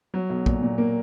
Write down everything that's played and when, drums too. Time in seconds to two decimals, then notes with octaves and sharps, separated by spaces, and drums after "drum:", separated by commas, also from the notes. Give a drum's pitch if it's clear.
0.14 F#3
0.30 B1
0.46 A#2, drum: kick A#1
0.63 A#2
0.78 A#3